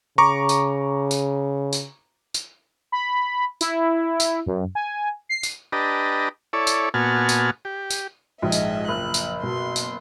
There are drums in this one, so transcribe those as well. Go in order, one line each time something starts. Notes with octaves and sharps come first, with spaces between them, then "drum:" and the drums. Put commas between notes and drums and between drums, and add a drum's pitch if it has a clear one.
C#3 A#5 C#6 D6
drum: tambourine
drum: tambourine
drum: tambourine
drum: tambourine
B5
E4, drum: tambourine
drum: tambourine
F#2
G#5
C7
drum: tambourine
D4 G4 B4 D#5 A5 A#5
E4 A4 C#5 D5
drum: tambourine
A#2 B3 F#4 G#5 A5 F6
drum: tambourine
G4
drum: tambourine
A#1 G#2 G#4 D#5 E5
drum: tambourine
F#1 F#6
drum: tambourine
B2 B3 C6
drum: tambourine